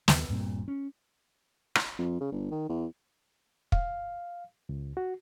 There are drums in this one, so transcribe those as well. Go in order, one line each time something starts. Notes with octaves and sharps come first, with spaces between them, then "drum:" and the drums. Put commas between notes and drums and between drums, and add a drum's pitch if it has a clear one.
D#2, drum: snare
D#1 G2 A#2 C4
C#4
drum: rim click
F2
C#3
G1
D#3
E2
F5, drum: kick
C#2
F#4